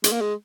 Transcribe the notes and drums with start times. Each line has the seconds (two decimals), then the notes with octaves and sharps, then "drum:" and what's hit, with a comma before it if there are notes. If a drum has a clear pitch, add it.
0.04 G#3, drum: hi-hat
0.12 A#3
0.21 G#3